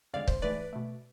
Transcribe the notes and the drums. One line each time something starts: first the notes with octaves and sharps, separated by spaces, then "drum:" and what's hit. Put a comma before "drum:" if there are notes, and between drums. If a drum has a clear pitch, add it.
F2 D3 G#3 D5 F5
C5, drum: kick
G#2 E3 A3 B4 D5
B2 A3